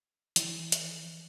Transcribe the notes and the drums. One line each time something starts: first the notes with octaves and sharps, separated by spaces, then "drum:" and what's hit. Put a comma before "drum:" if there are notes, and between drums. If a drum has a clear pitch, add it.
E3, drum: hi-hat
drum: hi-hat